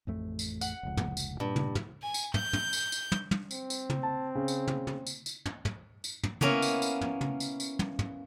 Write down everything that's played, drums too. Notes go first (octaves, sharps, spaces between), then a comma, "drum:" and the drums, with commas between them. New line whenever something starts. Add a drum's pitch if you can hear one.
A1 F2 A3
drum: tambourine
F#5, drum: tambourine
F1 C#2
drum: tom
drum: tambourine
G2 A#2 G3
drum: tom
drum: tom
G#5
drum: tambourine
G6, drum: tom
drum: tom
drum: tambourine
drum: tambourine
drum: tom
drum: tom
C4, drum: tambourine
drum: tambourine
drum: tom
A5
C#3
drum: tambourine
drum: tom
drum: tom
drum: tambourine
drum: tambourine
drum: tom
drum: tom
drum: tambourine
drum: tom
A#3 B3 C#4 E4 A#4, drum: tom
drum: tambourine
drum: tambourine
drum: tom
drum: tom
drum: tambourine
drum: tambourine
drum: tom
drum: tom